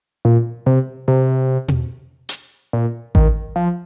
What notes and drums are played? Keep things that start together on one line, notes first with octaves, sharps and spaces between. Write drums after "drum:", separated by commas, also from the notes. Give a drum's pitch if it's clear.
A#2
C3
C3
drum: tom B2
drum: hi-hat
A#2
D#3, drum: kick A1
F3